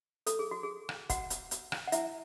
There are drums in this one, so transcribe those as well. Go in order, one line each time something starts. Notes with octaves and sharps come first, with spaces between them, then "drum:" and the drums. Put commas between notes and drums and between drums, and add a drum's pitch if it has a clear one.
A4, drum: hi-hat
G#4
F#4
G#4
drum: rim click
F#4 F#5, drum: kick, hi-hat
drum: hi-hat
drum: hi-hat
drum: rim click
F#5
E4 E5, drum: hi-hat